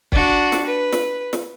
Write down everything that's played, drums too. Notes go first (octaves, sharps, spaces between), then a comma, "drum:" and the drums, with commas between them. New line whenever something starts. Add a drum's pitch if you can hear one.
D4 F#4, drum: kick
drum: snare
B4
drum: snare
drum: snare